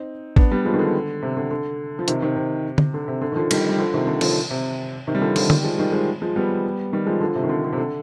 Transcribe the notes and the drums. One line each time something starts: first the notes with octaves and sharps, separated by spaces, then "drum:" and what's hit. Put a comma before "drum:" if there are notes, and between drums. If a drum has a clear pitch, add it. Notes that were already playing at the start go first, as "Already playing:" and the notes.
Already playing: C4 D#4
B3 D4, drum: kick
G3 B3
F3 G#3
D#3
D3
C3
D3
D3
F3
C3 D#3, drum: hi-hat
C3 D#3
C3
drum: tom D3
D3
C3
D3
D#3
D3 F3
D#3 G3, drum: cymbal
G3
D3 F3
C3 D#3
D3
D3 F3, drum: cymbal
C3
C3 D#3
G3
D3 F3
D3 F3, drum: cymbal
D#3 G3, drum: tom D3
F3 G#3
D#3 G3
F3 G#3
F3 G#3
G3 B3
D#3 G3
F3 G#3
D3 F3
C3
D#3
D3
D3
C3
D3